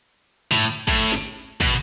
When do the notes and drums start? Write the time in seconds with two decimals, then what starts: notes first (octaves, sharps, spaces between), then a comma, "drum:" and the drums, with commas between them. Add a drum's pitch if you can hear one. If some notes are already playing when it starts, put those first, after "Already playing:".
0.51 A2, drum: tom G2
0.88 A2, drum: kick
1.12 drum: snare
1.61 B2, drum: kick